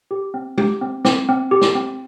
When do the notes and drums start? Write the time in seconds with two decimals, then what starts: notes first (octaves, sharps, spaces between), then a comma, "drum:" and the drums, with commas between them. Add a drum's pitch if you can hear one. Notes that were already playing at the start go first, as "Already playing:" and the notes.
0.11 G4
0.34 C4
0.58 G4, drum: tom G#3
0.81 C4
1.05 C4, drum: snare
1.29 C4
1.51 G4
1.61 drum: snare
1.75 C4